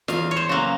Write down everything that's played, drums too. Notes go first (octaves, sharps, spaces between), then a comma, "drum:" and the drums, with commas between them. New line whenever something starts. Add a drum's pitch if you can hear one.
E2 F5, drum: snare
C#5
C5
C#3 F#3 A#3